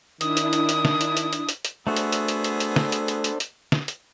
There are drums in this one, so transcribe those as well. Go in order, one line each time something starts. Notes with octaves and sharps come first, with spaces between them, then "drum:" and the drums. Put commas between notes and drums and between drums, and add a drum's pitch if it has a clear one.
D#3 D4 E4 D#6, drum: hi-hat
drum: hi-hat
drum: hi-hat
drum: hi-hat
drum: snare
drum: hi-hat
drum: hi-hat
drum: hi-hat
drum: hi-hat
drum: hi-hat
A3 B3 D4 F#4 G#4 A4 C5 E6
drum: hi-hat
drum: hi-hat
drum: hi-hat
drum: hi-hat
drum: hi-hat
drum: snare
drum: hi-hat
drum: hi-hat
drum: hi-hat
drum: hi-hat
drum: snare
drum: hi-hat